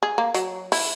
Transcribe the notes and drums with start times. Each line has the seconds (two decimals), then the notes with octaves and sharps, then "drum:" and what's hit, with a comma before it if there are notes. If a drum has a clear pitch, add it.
0.03 G#4
0.18 A#3
0.34 F#3, drum: hi-hat
0.72 E4, drum: open hi-hat